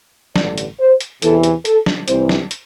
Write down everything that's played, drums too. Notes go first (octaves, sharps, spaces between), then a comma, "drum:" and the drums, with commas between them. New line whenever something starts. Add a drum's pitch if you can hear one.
A1 G2 D3 D5, drum: snare
drum: hi-hat
C5
drum: hi-hat
E2 C3 E3 A4, drum: hi-hat
drum: hi-hat
A4, drum: hi-hat
drum: snare
C2 C3 E3 C5, drum: hi-hat
drum: snare
drum: hi-hat